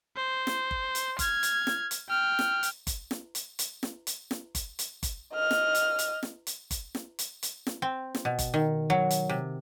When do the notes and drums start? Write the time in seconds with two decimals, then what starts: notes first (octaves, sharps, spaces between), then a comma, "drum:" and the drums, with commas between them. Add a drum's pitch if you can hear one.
0.16 C5
0.47 drum: snare
0.71 drum: kick G1
0.95 drum: hi-hat
1.19 F6 G#6, drum: kick G1, hi-hat
1.43 drum: hi-hat
1.67 drum: snare
1.91 drum: hi-hat
2.10 G5 F6
2.39 drum: snare
2.63 drum: hi-hat
2.87 drum: kick G1, hi-hat
3.11 drum: snare
3.35 drum: hi-hat
3.59 drum: hi-hat
3.83 drum: snare
4.07 drum: hi-hat
4.31 drum: snare
4.55 drum: kick G1, hi-hat
4.79 drum: hi-hat
5.03 drum: kick G1, hi-hat
5.33 D#5 F6
5.51 drum: snare
5.75 drum: hi-hat
5.99 drum: hi-hat
6.23 drum: snare
6.47 drum: hi-hat
6.71 drum: kick G1, hi-hat
6.95 drum: snare
7.19 drum: hi-hat
7.43 drum: hi-hat
7.67 drum: snare
7.82 C4
8.15 drum: snare
8.25 B2
8.39 drum: kick G1, hi-hat
8.54 D#3
8.90 F#3
9.11 drum: hi-hat
9.29 C3